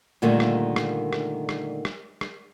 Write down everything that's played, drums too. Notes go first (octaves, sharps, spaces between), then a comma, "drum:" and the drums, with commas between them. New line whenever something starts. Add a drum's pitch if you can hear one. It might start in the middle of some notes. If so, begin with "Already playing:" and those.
A#2 D3 D#3 G3 A3 A#3
drum: rim click
drum: rim click
drum: rim click
drum: rim click
drum: rim click
drum: rim click